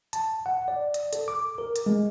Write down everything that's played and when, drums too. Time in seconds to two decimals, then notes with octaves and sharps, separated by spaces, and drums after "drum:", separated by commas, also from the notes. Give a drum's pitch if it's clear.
0.13 A5, drum: hi-hat
0.46 F#5
0.68 D5
0.94 drum: hi-hat
1.13 A4, drum: hi-hat
1.28 D6
1.58 A#4
1.76 drum: hi-hat
1.86 G#3